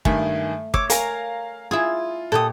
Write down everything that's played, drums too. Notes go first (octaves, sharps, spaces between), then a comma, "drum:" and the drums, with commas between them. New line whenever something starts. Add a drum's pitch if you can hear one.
G2 D#3 A3 G#5, drum: kick
C#5 D6 E6, drum: kick
A#4 F5 G#5 A#5, drum: hi-hat
E4 F4 G#4
A#2 G4 A4 D#6